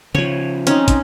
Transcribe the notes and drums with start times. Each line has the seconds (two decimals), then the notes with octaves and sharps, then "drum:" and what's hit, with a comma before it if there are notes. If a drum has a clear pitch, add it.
0.15 C#3 F3 C#5
0.67 C4 C#4 D#4, drum: hi-hat
0.88 drum: kick, hi-hat